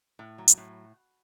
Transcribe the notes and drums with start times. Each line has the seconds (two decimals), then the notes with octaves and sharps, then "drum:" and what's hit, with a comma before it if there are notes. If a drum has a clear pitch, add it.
0.19 A2
0.38 F#3
0.48 drum: hi-hat
0.57 A2